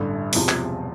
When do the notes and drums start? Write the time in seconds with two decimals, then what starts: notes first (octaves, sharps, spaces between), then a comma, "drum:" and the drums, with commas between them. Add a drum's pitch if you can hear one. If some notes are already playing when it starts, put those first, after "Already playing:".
Already playing: A1 G2 D3
0.33 E1 E2 C3 F3, drum: open hi-hat
0.49 drum: clap